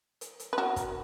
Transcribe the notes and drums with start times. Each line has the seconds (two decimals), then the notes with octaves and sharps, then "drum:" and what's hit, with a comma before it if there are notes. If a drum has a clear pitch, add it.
0.21 drum: hi-hat
0.40 drum: hi-hat
0.53 B4
0.58 F#4 A#4
0.76 drum: kick, hi-hat